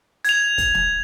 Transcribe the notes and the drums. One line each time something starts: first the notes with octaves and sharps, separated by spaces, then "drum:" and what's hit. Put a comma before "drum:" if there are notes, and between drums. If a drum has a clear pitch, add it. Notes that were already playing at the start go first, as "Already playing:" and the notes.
G#6 F7, drum: hi-hat
drum: kick, hi-hat
drum: snare